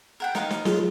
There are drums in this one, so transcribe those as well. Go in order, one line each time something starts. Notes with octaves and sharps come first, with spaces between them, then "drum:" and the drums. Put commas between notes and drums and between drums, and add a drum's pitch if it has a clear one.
A#4 F#5 G5
D#4 A#4 F5, drum: snare
drum: snare
F#3 F4 G#4, drum: snare